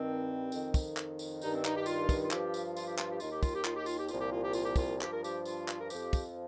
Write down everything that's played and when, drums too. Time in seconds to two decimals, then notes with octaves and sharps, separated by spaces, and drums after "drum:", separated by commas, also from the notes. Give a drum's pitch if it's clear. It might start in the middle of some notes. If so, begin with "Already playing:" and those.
Already playing: G2 D#3 C4
0.52 F2 D#3, drum: tambourine
0.74 drum: kick, tambourine
0.97 drum: clap
1.19 drum: tambourine
1.42 G2 D#3 D#4, drum: tambourine
1.53 C4
1.65 D#4, drum: clap
1.77 G4
1.86 F4, drum: tambourine
2.09 drum: kick, tambourine
2.25 F4
2.31 G2 F3 G4, drum: clap
2.54 drum: tambourine
2.77 F4, drum: tambourine
2.87 G4
2.98 F4, drum: clap
3.10 G4
3.20 D#2 D#3 F4, drum: tambourine
3.31 G4
3.43 F4, drum: kick, tambourine
3.54 G4
3.64 F4, drum: clap
3.76 G4
3.86 F4, drum: tambourine
3.98 G4
4.08 C2 A#2 F3 F4, drum: tambourine
4.20 G4
4.30 F4
4.43 G4
4.53 F4, drum: tambourine
4.64 G4
4.76 F4, drum: kick, tambourine
5.01 G2 F3 G4, drum: clap
5.13 A#4
5.24 G4, drum: tambourine
5.45 F4, drum: tambourine
5.68 drum: clap
5.81 A#4
5.90 F2 F3 G4, drum: tambourine
6.13 drum: kick, tambourine